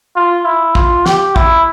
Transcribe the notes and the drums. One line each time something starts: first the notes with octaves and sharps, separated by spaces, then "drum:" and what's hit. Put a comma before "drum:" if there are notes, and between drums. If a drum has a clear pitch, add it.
F4
E4
F4, drum: kick
G4, drum: snare
E4, drum: kick